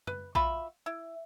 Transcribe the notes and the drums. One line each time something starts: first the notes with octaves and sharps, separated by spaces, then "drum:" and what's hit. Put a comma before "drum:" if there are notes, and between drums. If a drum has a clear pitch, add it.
B4, drum: tom F#2
F4 F#4 E5 B5, drum: kick A#1
E4